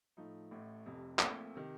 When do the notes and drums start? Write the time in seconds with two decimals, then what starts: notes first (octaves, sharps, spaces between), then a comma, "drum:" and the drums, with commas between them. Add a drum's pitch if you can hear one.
0.17 A2 F3 A3 D#4
0.51 A1 A2 A3
0.86 F1 F2 C3
1.19 A#1 A#2 A3 C4, drum: clap
1.55 C3 D#3